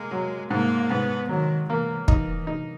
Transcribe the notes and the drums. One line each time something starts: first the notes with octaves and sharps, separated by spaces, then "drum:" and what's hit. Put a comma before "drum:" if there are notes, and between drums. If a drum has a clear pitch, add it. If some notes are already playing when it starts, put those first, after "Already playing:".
Already playing: G#3 A#3
F#3
G#2 A#3
G#2 B3
D#3 F#3
E3 A#3
E3 D#4, drum: kick
D#4